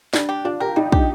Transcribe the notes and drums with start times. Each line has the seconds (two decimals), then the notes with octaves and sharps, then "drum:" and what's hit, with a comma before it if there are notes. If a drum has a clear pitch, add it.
0.14 G3 D4, drum: snare
0.29 G4
0.45 D4 F4
0.60 G4 A#4
0.76 G3 D#4
0.92 D4 G4, drum: kick